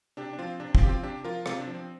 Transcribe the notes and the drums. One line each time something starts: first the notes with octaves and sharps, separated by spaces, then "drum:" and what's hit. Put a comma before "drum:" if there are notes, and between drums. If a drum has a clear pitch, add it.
C3 D4 G4
D4
F3 C4 F4
C3 D4
C4 F4, drum: kick
F3 G4
C4 F4
C3 D4 G4
F3 F4 A#4
C3 C4 F4, drum: rim click
D4
F3
C4